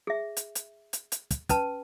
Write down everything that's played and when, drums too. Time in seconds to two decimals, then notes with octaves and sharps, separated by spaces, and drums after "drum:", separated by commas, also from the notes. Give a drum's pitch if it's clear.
0.07 G#4 E5
0.37 drum: hi-hat
0.55 drum: hi-hat
0.93 drum: hi-hat
1.12 drum: hi-hat
1.31 drum: kick, hi-hat
1.49 C#4 B4 A5, drum: kick, hi-hat